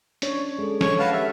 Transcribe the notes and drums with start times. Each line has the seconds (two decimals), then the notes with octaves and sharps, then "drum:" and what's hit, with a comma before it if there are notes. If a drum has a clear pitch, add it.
0.22 C#4 D4 C#5, drum: hi-hat
0.59 G#3 G#4 A4
0.81 C#5 C#6, drum: snare
0.99 B4 F5 F#5 A5 A#6
1.13 G4 A4 E5